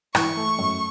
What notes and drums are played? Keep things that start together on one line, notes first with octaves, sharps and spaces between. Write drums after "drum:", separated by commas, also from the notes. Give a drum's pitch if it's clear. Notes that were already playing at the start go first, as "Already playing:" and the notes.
E3 C#6, drum: rim click
A3
F#2